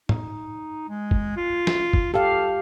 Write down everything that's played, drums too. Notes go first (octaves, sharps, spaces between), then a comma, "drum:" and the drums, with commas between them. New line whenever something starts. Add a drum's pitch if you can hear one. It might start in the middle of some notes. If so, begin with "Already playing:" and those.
D#4, drum: tom
G#3
drum: kick
F4
drum: snare
drum: kick
G4 A4 F5